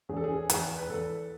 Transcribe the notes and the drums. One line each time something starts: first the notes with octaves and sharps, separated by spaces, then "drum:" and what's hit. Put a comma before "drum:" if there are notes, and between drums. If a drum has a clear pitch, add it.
E2 G#4
A4
G#4
E2, drum: hi-hat
B4
E2 A4